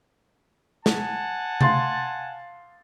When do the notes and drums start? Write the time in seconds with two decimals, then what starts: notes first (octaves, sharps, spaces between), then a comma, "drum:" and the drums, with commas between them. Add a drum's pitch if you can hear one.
0.86 F#5 G#5 A5, drum: snare
1.61 F5 C6 A6, drum: tom C3